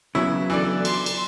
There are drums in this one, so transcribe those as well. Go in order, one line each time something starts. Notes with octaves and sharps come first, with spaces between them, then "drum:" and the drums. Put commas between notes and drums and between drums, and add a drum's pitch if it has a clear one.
C#3 F#3 B3 E4
E3 D4 A4 D5
C6, drum: cymbal
drum: cymbal